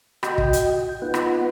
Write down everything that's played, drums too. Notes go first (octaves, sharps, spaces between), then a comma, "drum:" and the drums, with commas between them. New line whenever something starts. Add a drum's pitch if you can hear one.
F#4 D#5 G5, drum: rim click
drum: kick
drum: hi-hat
G5
B3 D#4 F4 B4 F#5
drum: rim click